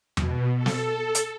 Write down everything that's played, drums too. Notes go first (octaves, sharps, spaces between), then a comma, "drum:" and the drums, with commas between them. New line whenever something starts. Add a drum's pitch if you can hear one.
B2, drum: tom E2
A4
drum: snare
drum: hi-hat